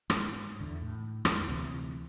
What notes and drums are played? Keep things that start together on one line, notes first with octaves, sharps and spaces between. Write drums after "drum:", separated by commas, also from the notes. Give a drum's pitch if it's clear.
G#2, drum: rim click
E2 D3
A2
F2, drum: rim click
D2 C3 E3